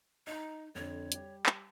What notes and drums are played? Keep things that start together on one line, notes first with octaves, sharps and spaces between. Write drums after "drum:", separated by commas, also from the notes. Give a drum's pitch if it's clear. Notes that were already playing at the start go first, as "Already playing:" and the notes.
D#4 D#5 A#5
F2 D3 C#5
G3 G4, drum: hi-hat
drum: clap